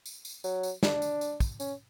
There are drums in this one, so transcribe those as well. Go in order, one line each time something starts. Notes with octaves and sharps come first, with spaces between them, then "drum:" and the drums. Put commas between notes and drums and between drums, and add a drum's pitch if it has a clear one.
drum: tambourine
drum: tambourine
F#3, drum: tambourine
drum: tambourine
D4, drum: snare
drum: tambourine
drum: tambourine
drum: kick, tambourine
C#4, drum: tambourine